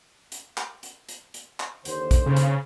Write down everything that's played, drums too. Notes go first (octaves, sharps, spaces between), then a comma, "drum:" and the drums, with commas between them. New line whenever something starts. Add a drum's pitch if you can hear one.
drum: hi-hat
drum: clap
drum: hi-hat
drum: hi-hat
drum: hi-hat
drum: clap
D#2 D3 C5, drum: hi-hat
drum: kick, hi-hat
C#3
drum: hi-hat